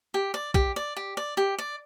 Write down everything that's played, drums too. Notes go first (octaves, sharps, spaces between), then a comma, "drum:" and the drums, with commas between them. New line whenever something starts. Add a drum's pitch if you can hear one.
G4
D5
G4, drum: kick
D5
G4
D5
G4
D5